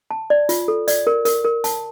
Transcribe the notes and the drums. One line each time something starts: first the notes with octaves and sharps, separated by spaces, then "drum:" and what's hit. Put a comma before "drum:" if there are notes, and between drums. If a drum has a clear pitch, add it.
A5
D5
F4, drum: hi-hat
A4
D5, drum: hi-hat
A#4
A#4, drum: hi-hat
A#4
A5, drum: hi-hat